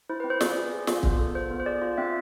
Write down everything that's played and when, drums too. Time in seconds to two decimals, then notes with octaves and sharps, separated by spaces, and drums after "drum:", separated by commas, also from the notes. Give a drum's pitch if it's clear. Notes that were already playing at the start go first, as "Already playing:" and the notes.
0.10 E4 C5
0.20 C4 B4
0.30 C5
0.41 G#4 D5, drum: snare
0.56 G#4
0.71 G#4
0.87 F4, drum: snare
1.03 B3, drum: kick
1.19 A4
1.35 F4 C5
1.51 B3
1.60 C5
1.66 G#4 D5
1.82 F4
1.98 C4 E5